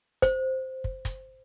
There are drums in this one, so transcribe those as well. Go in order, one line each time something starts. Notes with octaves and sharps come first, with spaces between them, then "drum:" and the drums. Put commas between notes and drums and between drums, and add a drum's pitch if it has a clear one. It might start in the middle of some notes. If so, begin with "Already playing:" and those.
C5, drum: kick, hi-hat
drum: kick
drum: kick, hi-hat